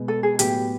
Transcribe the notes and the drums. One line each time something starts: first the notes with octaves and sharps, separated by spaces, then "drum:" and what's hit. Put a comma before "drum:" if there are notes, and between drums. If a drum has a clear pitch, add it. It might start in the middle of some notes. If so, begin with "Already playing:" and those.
Already playing: B2 G#3 B3
A4
G#4
A2 F#3 B3 G4, drum: hi-hat